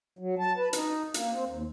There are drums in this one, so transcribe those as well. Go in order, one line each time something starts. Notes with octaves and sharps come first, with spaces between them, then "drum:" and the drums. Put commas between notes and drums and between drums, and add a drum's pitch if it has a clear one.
F#3
A5
B4
D#4, drum: hi-hat
A#3, drum: hi-hat
C4
D#2